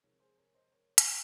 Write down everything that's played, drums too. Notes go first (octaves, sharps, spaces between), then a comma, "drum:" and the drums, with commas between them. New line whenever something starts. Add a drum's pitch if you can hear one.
C3 F3 G#3 A#4 C#5
G#4 C5
A#4 C#5
C5 D#5
A#4 C#5
drum: hi-hat